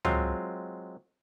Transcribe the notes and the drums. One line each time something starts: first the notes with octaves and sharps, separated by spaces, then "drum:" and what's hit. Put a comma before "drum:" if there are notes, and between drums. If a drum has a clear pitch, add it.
F#3 G#3 C4 F4, drum: tom C#2